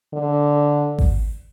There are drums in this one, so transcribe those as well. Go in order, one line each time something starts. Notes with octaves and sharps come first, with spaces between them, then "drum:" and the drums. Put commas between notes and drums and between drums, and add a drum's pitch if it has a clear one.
D3
drum: kick G#1